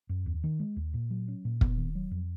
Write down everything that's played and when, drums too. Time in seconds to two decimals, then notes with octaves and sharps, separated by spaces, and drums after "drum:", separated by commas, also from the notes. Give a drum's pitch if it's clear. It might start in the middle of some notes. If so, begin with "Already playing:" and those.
0.09 F#2
0.26 D#2
0.44 D#3
0.60 G#3
0.76 D#2
0.94 A#2
1.10 F#3
1.28 C#4
1.45 A#2
1.61 B3, drum: kick
1.77 D#3
1.95 F#3
2.11 F2